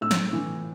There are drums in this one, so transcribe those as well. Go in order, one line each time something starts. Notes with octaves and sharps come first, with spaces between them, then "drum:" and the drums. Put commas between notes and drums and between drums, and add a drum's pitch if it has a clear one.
A2 E6
drum: snare
E3